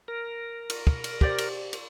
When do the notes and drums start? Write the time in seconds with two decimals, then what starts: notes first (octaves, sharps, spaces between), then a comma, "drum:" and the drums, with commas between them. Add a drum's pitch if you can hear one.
0.08 A#4
0.70 drum: cymbal
0.87 drum: kick
1.04 drum: cymbal
1.21 G4 C5 D5, drum: kick
1.38 drum: cymbal
1.73 drum: cymbal